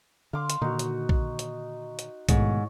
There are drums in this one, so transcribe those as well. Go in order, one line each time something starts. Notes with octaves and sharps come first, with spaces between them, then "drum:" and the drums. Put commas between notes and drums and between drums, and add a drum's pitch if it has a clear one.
D3 F5 C6 D6
drum: hi-hat
A#2 D3 D#3 D#4 F#4
drum: hi-hat
drum: kick
drum: hi-hat
drum: hi-hat
G#2 B2 D#3 A3 C#5, drum: kick, hi-hat